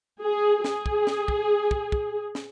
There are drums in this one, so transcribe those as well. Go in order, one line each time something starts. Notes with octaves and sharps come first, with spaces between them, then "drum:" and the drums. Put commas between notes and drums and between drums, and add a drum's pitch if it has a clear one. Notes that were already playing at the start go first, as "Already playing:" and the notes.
G#4
G#4, drum: snare
drum: kick
drum: snare
drum: kick
drum: kick
drum: kick
drum: snare